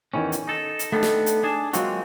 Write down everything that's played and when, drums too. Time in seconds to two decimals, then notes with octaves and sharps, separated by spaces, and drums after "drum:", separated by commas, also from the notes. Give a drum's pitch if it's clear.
0.14 E2 D#3 E3 C#4
0.32 drum: hi-hat
0.47 D#4 A4
0.79 drum: hi-hat
0.92 A3 B3 C4 D4 D#4 A4
1.03 drum: snare
1.26 drum: hi-hat
1.43 D4 G#4 A5
1.73 F#3 G#3 A#3 C4 F4 F#4, drum: hi-hat